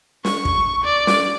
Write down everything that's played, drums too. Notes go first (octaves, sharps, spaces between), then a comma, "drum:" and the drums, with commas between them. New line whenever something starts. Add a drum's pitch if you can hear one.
C#6, drum: snare
drum: kick
D5
drum: snare